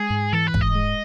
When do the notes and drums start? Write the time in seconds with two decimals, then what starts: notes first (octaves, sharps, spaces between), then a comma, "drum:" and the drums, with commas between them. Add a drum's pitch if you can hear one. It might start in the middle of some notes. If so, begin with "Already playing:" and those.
Already playing: G#3 G#4
0.10 G#2
0.33 E3 A4
0.47 B4
0.54 G#2, drum: kick
0.61 D#5
0.75 G#3